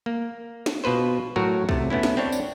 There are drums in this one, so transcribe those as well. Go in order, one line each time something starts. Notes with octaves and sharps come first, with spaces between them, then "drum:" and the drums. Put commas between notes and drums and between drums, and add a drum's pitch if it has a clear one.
A#3
drum: snare
B2 F4 B4 C5
A2 F#3 F#4 A#4
C3 A3, drum: kick
A3 B3 C#4 E4
drum: snare
C4 D4 C#5
drum: tambourine